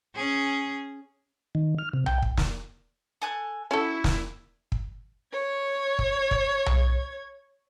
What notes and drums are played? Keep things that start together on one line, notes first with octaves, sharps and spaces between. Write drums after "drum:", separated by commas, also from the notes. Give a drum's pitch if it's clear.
C#4 G#4
D#3
F6
C3
G5, drum: tom B1
drum: kick
drum: snare
A4 G#5 F#6
C#4 E4 F#4 A4 E6
drum: snare
drum: kick
C#5 G#6
drum: kick
drum: kick
drum: tom B1